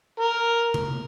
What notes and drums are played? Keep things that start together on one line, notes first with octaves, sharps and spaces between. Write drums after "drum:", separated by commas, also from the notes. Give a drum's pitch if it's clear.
A#4
drum: tom C3